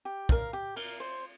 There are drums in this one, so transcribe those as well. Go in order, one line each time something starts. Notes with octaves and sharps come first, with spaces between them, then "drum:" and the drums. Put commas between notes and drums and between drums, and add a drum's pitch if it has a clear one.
G4
A#4 F5, drum: kick
G4
A#4 F5, drum: cymbal
C5